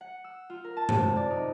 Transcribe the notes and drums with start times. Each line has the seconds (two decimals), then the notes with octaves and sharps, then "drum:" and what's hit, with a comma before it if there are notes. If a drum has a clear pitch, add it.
0.01 F#5
0.24 E6
0.50 F4
0.64 A#4
0.77 A5
0.89 C3, drum: tom
1.16 D5
1.31 D#4